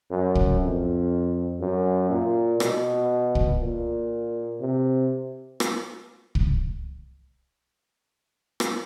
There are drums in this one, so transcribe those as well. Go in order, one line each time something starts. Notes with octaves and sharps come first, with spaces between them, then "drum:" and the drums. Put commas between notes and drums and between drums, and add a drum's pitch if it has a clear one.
F#2
drum: kick
F2
F#2
A#2
B2, drum: rim click
drum: kick
A#2
C3
drum: rim click
drum: kick
drum: rim click